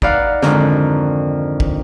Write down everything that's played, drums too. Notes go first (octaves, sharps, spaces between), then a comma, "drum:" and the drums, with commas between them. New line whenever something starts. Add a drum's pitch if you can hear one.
D#4 B4 D5 F5 F#5, drum: kick
F2 G#2 D3 D#3, drum: snare
drum: kick